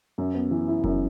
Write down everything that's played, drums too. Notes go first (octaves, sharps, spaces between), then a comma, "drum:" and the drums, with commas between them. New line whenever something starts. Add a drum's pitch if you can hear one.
F#2
B3
E3
E4
F#2, drum: kick F1